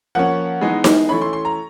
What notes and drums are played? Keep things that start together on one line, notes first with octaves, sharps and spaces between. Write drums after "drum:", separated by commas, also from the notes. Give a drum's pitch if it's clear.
F3 A#3 C#4 F#5
E3 G#3 B3 D#4
drum: snare D#4
E3 A3 C#4 B5
C6
C6
A#5